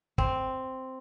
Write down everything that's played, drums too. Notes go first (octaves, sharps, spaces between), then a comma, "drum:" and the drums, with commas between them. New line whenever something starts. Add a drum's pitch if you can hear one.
C4, drum: kick